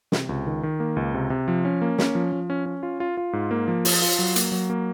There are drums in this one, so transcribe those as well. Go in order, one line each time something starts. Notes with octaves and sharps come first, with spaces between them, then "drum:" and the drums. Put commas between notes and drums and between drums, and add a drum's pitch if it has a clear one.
C3, drum: snare
C#2
D#3
D#3
A#3
C#2
C3
C3
F3
C#4
A#3
C#4, drum: snare
F3
F3
C#4
C#4
F4
F4
F4
G#2
A#3
F3
F4, drum: open hi-hat
F4
F#3
A#3, drum: hi-hat
F#3
A#3